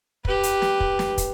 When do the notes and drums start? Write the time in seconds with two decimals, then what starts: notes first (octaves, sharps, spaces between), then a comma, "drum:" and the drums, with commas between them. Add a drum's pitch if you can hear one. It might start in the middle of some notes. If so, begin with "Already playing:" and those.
0.25 G4 B4, drum: kick
0.43 drum: hi-hat
0.62 drum: snare
0.80 drum: kick
0.99 drum: snare
1.18 drum: kick, hi-hat